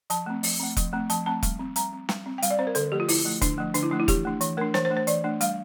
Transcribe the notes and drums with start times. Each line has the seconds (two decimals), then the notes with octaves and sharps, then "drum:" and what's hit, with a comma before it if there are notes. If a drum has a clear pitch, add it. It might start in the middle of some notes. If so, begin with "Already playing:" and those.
0.10 F3 A5, drum: hi-hat
0.26 A3 C4
0.43 F3, drum: open hi-hat
0.60 A3 C4
0.77 F3, drum: kick E1, hi-hat
0.93 A3 C4
1.10 F3 A5, drum: hi-hat
1.26 A3 C4 A5
1.43 G3, drum: kick E1, hi-hat
1.59 C4
1.76 G3 A#5, drum: hi-hat
1.93 C4
2.09 G3, drum: snare
2.26 C4
2.38 G5
2.42 G3 F5, drum: hi-hat
2.50 D5
2.59 C4 C5
2.67 A#4
2.75 D3 A4, drum: hi-hat
2.92 F3 A3 G4
3.00 F4
3.08 D3 E4, drum: open hi-hat
3.25 F3 A3
3.42 D3 D4, drum: kick E1, hi-hat
3.58 F3 A3
3.74 D3 D4, drum: hi-hat
3.83 E4
3.91 F3 A3 D4
4.00 E4
4.08 E3 G4, drum: kick E1, hi-hat
4.25 A3 D4
4.41 E3, drum: hi-hat
4.57 A3 D4 A#4
4.74 E3 C5, drum: snare
4.85 C5
4.90 A3 D4
4.97 C5
5.07 E3 D5, drum: hi-hat
5.24 A3 D4
5.41 G3 F5, drum: hi-hat